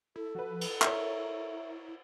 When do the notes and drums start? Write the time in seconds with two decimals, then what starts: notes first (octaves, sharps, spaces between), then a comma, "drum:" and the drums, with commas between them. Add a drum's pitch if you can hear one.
0.16 E4 A4
0.35 F3 F#4 B4
0.61 drum: cymbal
0.82 E4 A#4 C#5 E5, drum: clap